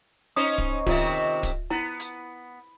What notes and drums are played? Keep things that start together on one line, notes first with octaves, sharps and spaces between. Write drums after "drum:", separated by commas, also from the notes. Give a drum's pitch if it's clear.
C#4 D#4 C5 D#6
drum: kick D1
C3 D#3 C4 F4 D#5 E5, drum: kick D1, open hi-hat
drum: kick D1, hi-hat
B3 E4 A#5
drum: hi-hat